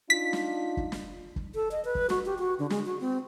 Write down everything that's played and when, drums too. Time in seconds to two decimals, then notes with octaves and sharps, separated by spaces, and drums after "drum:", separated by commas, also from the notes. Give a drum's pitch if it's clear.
0.10 D4 D#4 F4 B6
0.33 drum: snare
0.77 drum: kick
0.92 drum: snare
1.36 drum: kick
1.55 A4
1.71 D#5
1.85 B4
1.95 drum: kick
2.10 F#4, drum: snare
2.26 G4
2.39 F#4
2.59 D3
2.70 G#3, drum: snare
2.86 F#4
3.01 C4